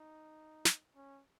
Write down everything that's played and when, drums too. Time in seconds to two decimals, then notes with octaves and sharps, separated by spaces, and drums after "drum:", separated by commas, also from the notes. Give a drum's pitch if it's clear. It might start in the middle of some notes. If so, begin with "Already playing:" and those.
Already playing: D#4
0.65 drum: snare
0.96 C#4